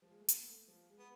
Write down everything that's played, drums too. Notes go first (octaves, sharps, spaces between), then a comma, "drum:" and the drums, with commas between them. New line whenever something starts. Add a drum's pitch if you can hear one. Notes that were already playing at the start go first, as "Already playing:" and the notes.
F3
G#3
A3
B3, drum: hi-hat
A3
F3
G#3
B3